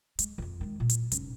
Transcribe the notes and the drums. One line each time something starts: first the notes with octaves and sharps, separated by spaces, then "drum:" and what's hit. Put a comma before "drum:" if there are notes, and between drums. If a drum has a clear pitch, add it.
G#3, drum: hi-hat
F2 F3
D#3 G#3
A#2
drum: hi-hat
F1 C#4, drum: hi-hat